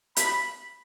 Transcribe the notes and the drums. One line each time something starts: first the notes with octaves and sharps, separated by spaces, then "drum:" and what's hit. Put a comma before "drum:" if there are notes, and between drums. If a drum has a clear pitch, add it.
B5, drum: hi-hat